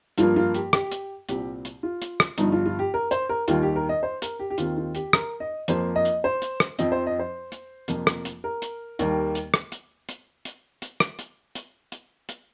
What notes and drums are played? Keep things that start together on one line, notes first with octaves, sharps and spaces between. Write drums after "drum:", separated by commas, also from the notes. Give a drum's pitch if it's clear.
G2 F3 A#3 F4, drum: hi-hat
F4
G4, drum: hi-hat
G4, drum: rim click
drum: hi-hat
C2 A#2 G3 C4 G4, drum: hi-hat
drum: hi-hat
F4
drum: hi-hat
drum: rim click
G1 G2 F3 D#4, drum: hi-hat
F4
F4
G4
A#4
C5, drum: hi-hat
A#4
D#2 D#3 G3 F4, drum: hi-hat
G4
A#4
D#5
C5
A#4, drum: hi-hat
G4
G4
D#2 D#3 C4 F4, drum: hi-hat
F4
G4, drum: hi-hat
A#4, drum: rim click
D#5
F2 F3 A#3 C5, drum: hi-hat
D#5
drum: hi-hat
C5
drum: hi-hat
drum: rim click
F2 F3 C4 D#5, drum: hi-hat
C5
D#5
C5
drum: hi-hat
F1 F2 F3 A#3, drum: hi-hat
drum: rim click
drum: hi-hat
A#4
drum: hi-hat
D#2 D#3 G3 A#3, drum: hi-hat
drum: hi-hat
drum: rim click
drum: hi-hat
drum: hi-hat
drum: hi-hat
drum: hi-hat
drum: rim click
drum: hi-hat
drum: hi-hat
drum: hi-hat
drum: hi-hat